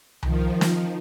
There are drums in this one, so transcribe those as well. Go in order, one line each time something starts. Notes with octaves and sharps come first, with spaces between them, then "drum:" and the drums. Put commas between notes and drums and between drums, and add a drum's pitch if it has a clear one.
D#3 F3, drum: tom C2
drum: snare